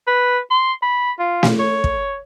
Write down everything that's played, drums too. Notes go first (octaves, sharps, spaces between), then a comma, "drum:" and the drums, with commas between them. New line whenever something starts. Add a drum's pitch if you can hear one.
B4
C6
B5
F4
drum: snare
C#5
drum: kick